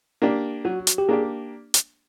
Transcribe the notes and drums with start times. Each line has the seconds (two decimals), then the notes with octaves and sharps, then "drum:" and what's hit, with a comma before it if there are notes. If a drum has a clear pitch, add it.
0.22 A#3 D4 G4
0.65 F#3 F#4
0.87 drum: hi-hat
0.98 G4
1.09 A#3 D4 G4 G#4
1.74 drum: hi-hat